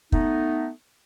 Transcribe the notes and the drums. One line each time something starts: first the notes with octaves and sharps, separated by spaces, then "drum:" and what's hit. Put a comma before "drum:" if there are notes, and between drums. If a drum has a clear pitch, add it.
A3 B3 D#4, drum: kick